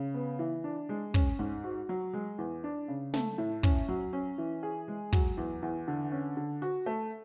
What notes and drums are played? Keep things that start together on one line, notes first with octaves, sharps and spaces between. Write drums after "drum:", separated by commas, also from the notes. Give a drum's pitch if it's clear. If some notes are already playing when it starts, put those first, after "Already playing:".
Already playing: C#3
B3
E3
D4
G#3
C#4, drum: kick
G#2
F#4
F#3
G#3
E2
D4
C#3
A3, drum: snare
A2
C#4, drum: kick
F#3
C#4
E3
G#4
G#3
F#3, drum: kick
E2
E2
D3
C#4
D3
F#4
A3